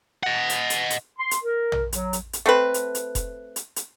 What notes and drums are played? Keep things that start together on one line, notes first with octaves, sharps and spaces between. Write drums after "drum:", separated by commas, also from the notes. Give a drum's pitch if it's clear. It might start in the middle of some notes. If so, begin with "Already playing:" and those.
D#5 F#5
drum: hi-hat
drum: hi-hat
drum: hi-hat
C6
drum: hi-hat
A#4
drum: tom A#1
F#3, drum: hi-hat
drum: hi-hat
drum: hi-hat
A3 C4 B4
drum: hi-hat
drum: hi-hat
drum: kick F1, hi-hat
drum: hi-hat
drum: hi-hat